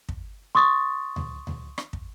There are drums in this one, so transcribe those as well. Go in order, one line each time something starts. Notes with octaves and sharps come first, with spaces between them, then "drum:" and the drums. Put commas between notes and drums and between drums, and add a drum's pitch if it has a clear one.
drum: kick
C6 C#6 D#6 A6
drum: tom D2
drum: tom D2
drum: rim click
drum: kick